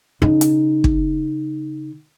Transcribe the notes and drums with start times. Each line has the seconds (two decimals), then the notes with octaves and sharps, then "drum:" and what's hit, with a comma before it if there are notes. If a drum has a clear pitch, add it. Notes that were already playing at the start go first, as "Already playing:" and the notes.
0.22 C#3 D#4
0.41 drum: hi-hat
0.84 drum: kick